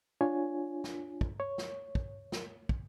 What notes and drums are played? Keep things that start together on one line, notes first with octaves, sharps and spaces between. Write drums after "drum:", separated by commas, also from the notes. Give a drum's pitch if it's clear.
D4 F4 C#5 G#5
drum: snare
drum: kick
C#5
drum: snare
drum: kick
drum: snare
drum: kick